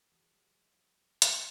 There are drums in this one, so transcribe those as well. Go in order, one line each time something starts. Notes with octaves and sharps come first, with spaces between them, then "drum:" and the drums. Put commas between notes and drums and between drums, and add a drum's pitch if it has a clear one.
E3 G3 F#4 G#4 D#6 B6 F#7
F3 G3
A2 D3 G3 F4 F#4 F#6 B6, drum: hi-hat